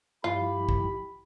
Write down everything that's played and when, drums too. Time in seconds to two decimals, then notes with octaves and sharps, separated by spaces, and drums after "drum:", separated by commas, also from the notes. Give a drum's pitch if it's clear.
0.24 G2 F3 E4 F4 G4 B5
0.69 drum: kick